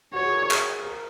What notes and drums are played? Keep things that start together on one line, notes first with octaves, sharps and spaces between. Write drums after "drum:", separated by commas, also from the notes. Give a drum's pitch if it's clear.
F#4 C#5
G#4
A#4
G#4, drum: clap
G#4
A#4